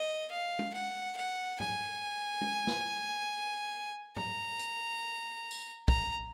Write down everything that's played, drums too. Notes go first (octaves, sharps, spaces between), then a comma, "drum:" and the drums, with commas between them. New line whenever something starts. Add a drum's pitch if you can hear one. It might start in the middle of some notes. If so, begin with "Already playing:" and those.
Already playing: D#5
F5
drum: tom
F#5
F#5
G#5, drum: tom G#2
drum: tom
drum: snare
A#5, drum: tom G#2
drum: hi-hat
drum: tambourine
A#5, drum: kick